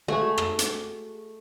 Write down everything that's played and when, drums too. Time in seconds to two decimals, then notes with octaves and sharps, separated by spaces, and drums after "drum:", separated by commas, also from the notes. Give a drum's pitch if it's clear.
0.08 G#3 A3 F#4 G#4
0.38 drum: rim click
0.59 drum: hi-hat